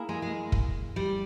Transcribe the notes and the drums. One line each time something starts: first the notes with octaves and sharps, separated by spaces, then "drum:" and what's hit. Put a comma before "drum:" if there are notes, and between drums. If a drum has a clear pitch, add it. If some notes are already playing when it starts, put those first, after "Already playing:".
Already playing: A#3 E4 G#4
G#3
G#3
drum: kick
G3